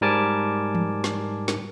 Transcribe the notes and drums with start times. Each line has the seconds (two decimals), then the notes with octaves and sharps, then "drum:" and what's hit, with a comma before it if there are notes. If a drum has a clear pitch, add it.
0.01 G#2 G3 A#4 G#5 A5 D6
0.75 drum: tom E3
1.04 drum: snare
1.48 drum: snare